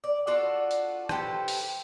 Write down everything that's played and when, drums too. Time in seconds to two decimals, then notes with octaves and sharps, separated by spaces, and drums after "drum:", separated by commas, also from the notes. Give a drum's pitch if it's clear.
0.04 D5
0.27 D4 F4 F#4 A4
0.71 drum: hi-hat
1.09 G4 A4 B4 C5, drum: rim click
1.48 drum: open hi-hat